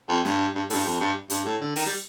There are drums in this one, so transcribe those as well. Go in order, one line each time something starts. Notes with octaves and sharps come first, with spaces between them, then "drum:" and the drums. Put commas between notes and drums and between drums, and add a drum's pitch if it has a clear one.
F2
G2, drum: snare
G2
A2, drum: open hi-hat
G2
F2
G2
G2, drum: hi-hat
A2
D3
D#3, drum: open hi-hat
G3